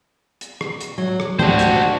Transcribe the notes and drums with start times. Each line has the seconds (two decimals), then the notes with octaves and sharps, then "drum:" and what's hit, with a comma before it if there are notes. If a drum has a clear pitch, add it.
0.41 drum: hi-hat
0.61 drum: rim click
0.80 drum: hi-hat
0.98 F#3
1.20 drum: rim click
1.39 D2 G#2 G3 D4 F#4 G4 C5, drum: tom
1.59 drum: hi-hat